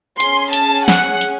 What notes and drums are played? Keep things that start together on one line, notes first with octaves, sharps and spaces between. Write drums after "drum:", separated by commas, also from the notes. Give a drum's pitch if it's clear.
C#4 G#4 C6, drum: hi-hat
A5, drum: hi-hat
F#5, drum: snare
drum: hi-hat